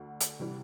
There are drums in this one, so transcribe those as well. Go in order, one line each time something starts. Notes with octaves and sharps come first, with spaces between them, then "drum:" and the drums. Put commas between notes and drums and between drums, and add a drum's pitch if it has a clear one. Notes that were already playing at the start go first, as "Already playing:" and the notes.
Already playing: D2 D3 A3
drum: hi-hat
C3 E3 G3